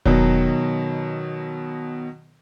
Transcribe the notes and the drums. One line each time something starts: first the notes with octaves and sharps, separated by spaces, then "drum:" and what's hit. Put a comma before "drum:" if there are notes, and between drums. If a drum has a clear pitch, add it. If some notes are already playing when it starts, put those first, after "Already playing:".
B2 D#3 F#3, drum: kick E1